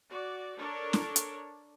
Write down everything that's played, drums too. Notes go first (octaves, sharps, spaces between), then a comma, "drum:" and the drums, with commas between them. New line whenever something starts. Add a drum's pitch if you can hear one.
F#4 D5
D4 A4 A#4 C#5
drum: snare
drum: hi-hat